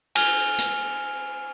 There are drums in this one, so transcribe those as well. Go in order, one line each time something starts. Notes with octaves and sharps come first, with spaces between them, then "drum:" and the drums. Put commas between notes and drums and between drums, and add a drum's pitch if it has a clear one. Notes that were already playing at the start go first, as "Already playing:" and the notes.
G#5 F6 F7 G7, drum: cymbal
drum: hi-hat